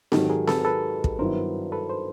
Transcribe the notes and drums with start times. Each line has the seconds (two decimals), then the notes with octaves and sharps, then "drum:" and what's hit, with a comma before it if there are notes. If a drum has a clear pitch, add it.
0.12 G#2 D#3 F#3 G4 A4, drum: snare C4
0.30 G#4 A#4
0.47 A4 B4, drum: snare C4
0.65 A4 B4
1.04 drum: kick
1.19 G2 D#3 F#3 B3 E4 A#4 C5
1.72 A4 B4
1.90 C5